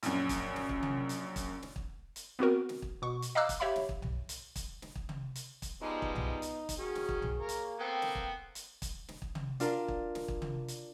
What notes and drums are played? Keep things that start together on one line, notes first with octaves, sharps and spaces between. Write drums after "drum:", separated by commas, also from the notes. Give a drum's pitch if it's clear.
A#1 F#2, drum: hi-hat
drum: kick, hi-hat
drum: snare
drum: kick
drum: tom
drum: hi-hat
drum: kick, hi-hat
drum: snare
drum: kick
drum: hi-hat
B3 C4 F#4 A#4
drum: snare
drum: kick
B2 C#6
drum: hi-hat
D#5 F5 A#5 D6 E6 F#6
drum: kick, hi-hat
G4 C#5 E5 F5 B5
drum: snare
drum: kick
drum: tom B1
drum: hi-hat
drum: kick, hi-hat
drum: snare
drum: kick
drum: tom
drum: hi-hat
drum: kick, hi-hat
F3 G3 G#3 B3 D#4
drum: kick
drum: tom B1
D#4
drum: hi-hat
drum: kick, hi-hat
D#3 C#4 F#4 G#4
drum: snare
drum: kick
drum: tom B1
A#3 A#4 C#5
drum: hi-hat
B3 C4 A4 G5
drum: snare
drum: kick
drum: hi-hat
drum: kick, hi-hat
drum: snare
drum: kick
drum: tom
D4 F4 A#4, drum: hi-hat
drum: kick
drum: snare
drum: kick
drum: tom
drum: hi-hat